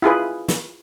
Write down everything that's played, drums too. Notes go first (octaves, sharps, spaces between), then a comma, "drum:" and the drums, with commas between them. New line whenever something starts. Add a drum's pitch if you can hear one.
E4 F4 G#4 B4
drum: snare